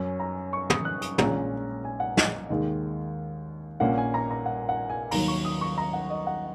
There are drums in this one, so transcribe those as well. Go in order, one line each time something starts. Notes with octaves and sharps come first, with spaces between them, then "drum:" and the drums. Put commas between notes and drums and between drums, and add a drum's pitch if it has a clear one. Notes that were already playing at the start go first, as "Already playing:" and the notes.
Already playing: F#2 F#3 C#4
A#5
C#6
D#6, drum: tom
F#6
D#6, drum: hi-hat
A#1 A#2 G#3 C#4 A#5, drum: tom
G#5
F#5
D#5, drum: snare
D#2 D#3 G#3 D#5
A#1 A#2 A#3 C#4 F#5
G#5
A#5
A#5
F#5
F#5
G#5
D#2 D#3 F#3 A#5, drum: open hi-hat
C#6
D#6
C#6
A#5
F#5
D#5
F#5